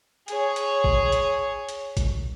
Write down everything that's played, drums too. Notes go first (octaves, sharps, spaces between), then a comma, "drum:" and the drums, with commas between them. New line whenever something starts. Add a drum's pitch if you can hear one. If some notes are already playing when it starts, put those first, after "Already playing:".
G#4 C#5, drum: hi-hat
drum: hi-hat
drum: kick
drum: hi-hat
drum: hi-hat
drum: kick, hi-hat